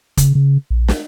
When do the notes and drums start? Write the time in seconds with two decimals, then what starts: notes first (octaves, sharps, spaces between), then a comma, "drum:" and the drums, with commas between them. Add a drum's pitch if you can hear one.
0.17 C#3, drum: kick, hi-hat
0.35 C#3
0.70 A#1
0.88 drum: snare